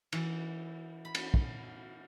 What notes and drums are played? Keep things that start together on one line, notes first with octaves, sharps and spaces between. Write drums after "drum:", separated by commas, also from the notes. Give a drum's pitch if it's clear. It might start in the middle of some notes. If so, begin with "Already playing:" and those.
E3, drum: cymbal
B5
drum: cymbal
drum: kick